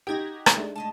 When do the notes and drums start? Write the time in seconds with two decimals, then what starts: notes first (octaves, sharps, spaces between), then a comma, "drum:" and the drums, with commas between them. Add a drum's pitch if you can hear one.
0.07 D#4 F#4 G4 G5 G#6 A#6
0.46 drum: rim click
0.57 G#3 A3 D4
0.76 A2 D#5 A5